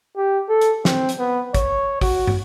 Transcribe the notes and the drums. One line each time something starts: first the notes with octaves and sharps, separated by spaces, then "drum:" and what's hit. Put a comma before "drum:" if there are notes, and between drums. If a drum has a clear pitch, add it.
G4
A4
drum: hi-hat
C4, drum: snare
drum: hi-hat
B3
C#5, drum: kick, hi-hat
F#4, drum: kick, open hi-hat
drum: tom